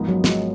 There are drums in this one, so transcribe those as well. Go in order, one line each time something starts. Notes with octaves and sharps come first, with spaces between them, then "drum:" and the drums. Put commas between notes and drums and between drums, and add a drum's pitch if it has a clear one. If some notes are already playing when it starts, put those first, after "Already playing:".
Already playing: G#1 G#2 F3 B3 D#4
F#3
G#3, drum: snare